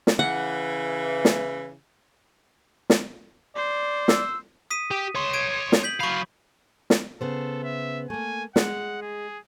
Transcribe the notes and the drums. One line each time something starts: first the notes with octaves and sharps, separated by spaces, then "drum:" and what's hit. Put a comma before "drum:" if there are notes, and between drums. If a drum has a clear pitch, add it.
drum: snare
C#3 E3 F#5
drum: snare
drum: snare
C5 D5
E6, drum: snare
D#6 B6 D#7
G4
C#5 C6
G#6 D7 D#7
drum: snare
G6 B6 F#7
F#3 F5 B5 C#6
drum: snare
C#3 B3 A4 C5
E5
A3 A#3 G#5
G#3 F#5, drum: snare
G#4